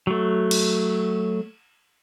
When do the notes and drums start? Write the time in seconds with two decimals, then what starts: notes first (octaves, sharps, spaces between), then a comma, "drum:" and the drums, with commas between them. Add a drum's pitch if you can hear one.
0.07 F#3 A3
0.51 drum: cymbal